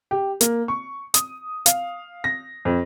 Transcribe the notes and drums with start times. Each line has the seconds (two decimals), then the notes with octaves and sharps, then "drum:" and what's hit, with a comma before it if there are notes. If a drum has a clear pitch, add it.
0.11 G4
0.41 A#3, drum: hi-hat
0.68 C#6
1.14 D#6, drum: hi-hat
1.66 F5, drum: hi-hat
2.24 A#6
2.65 F2